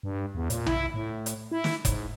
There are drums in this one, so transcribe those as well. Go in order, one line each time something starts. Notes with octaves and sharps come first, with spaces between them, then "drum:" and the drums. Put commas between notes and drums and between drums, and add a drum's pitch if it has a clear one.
G2
E2
A#2, drum: hi-hat
E4, drum: tom B1
A2
drum: hi-hat
E4
drum: snare
G#2, drum: kick F#1, hi-hat